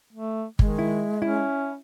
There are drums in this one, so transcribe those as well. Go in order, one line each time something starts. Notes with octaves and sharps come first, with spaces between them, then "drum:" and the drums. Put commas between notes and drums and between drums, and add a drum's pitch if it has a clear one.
A3
D#3 G#3, drum: kick G1
E4
C#4 E4